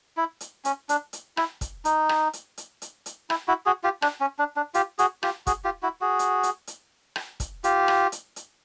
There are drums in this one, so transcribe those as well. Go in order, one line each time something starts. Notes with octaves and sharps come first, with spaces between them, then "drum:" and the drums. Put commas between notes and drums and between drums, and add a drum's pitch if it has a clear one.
E4
drum: hi-hat
C#4, drum: hi-hat
D4, drum: hi-hat
drum: hi-hat
E4, drum: rim click
drum: kick, hi-hat
D#4, drum: hi-hat
drum: rim click
drum: hi-hat
drum: hi-hat
drum: hi-hat
drum: hi-hat
E4, drum: rim click
E4 F#4
F#4 G#4
F4 G4
D4, drum: rim click
C#4
D4
D4
F4 G4, drum: hi-hat
F#4 G#4, drum: hi-hat
F4 G4, drum: rim click
F#4 G#4, drum: kick, hi-hat
F4 G4
E4 F#4
F#4 G#4
drum: hi-hat
drum: hi-hat
drum: hi-hat
drum: rim click
drum: kick, hi-hat
F4 G4, drum: hi-hat
drum: rim click
drum: hi-hat
drum: hi-hat